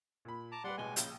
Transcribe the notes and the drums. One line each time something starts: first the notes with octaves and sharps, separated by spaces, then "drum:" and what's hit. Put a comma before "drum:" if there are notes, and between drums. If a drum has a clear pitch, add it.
A#2 B5
A5 A#5 D6
G3 B4 D5 F#5 C6
A1 B2 G#3 G#5 G7
A#1 C#3 G6, drum: hi-hat